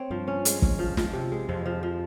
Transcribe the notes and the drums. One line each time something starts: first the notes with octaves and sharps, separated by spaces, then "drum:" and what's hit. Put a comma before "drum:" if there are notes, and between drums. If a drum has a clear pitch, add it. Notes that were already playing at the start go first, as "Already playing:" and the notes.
Already playing: C4 C#5
G2 F3
C#4
G#3, drum: hi-hat
C#4, drum: kick
F3
F3, drum: snare
C3
G#3
F2 F3
F3
F3